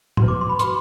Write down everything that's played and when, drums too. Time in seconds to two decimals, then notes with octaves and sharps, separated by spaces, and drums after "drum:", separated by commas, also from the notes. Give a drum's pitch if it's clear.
0.17 F#4 B4 C6, drum: tom A2
0.28 D6
0.41 C6
0.49 B5
0.59 F#4 B4 C6, drum: hi-hat